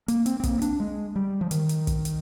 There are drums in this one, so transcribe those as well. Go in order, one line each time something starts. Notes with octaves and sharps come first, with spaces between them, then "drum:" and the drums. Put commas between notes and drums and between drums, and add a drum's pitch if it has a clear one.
A#3, drum: hi-hat
C4, drum: hi-hat
C4
A#3, drum: kick, hi-hat
C4
D4, drum: hi-hat
G#3
G3
F3
D#3, drum: hi-hat
drum: hi-hat
drum: kick, hi-hat
drum: hi-hat